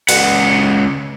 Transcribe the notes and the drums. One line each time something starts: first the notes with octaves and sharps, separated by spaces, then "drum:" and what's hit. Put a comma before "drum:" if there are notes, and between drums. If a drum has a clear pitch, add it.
C#2 F#5, drum: cymbal